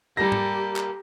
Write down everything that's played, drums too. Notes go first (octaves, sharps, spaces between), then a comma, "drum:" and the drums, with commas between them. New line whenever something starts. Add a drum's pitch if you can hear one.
G3 A#3 G4 A4 A#6
drum: tom
drum: clap